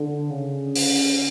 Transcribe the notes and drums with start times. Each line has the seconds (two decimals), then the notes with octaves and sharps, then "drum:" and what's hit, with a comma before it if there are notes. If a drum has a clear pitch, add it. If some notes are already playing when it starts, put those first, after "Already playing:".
Already playing: D3
0.30 C#3
0.75 drum: open hi-hat